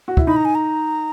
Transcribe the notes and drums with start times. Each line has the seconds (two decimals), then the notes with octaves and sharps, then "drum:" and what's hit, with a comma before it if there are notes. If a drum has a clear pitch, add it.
0.08 F#4
0.17 E4, drum: kick
0.27 D#4 B5
0.36 A#5
0.45 G#5
0.55 A#5